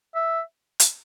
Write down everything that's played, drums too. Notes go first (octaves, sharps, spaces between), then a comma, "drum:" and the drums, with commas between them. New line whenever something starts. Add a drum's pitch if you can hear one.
E5
drum: hi-hat